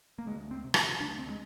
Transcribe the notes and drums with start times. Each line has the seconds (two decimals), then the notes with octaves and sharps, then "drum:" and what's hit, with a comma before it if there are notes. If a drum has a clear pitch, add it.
0.18 A#3
0.26 D2 G#3
0.51 C4
0.64 C3
0.74 drum: rim click
1.00 D2 D4
1.18 C4
1.30 G#3